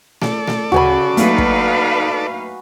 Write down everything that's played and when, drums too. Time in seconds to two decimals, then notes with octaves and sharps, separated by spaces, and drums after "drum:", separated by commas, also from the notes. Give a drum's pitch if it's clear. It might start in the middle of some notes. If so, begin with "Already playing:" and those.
0.22 A4 D5, drum: snare A3
0.48 drum: snare A3
0.72 C#3 F#4 G#5 B5, drum: tom D2
1.17 F#3 A3 A#3 D#4 B4 F5, drum: hi-hat
1.38 drum: kick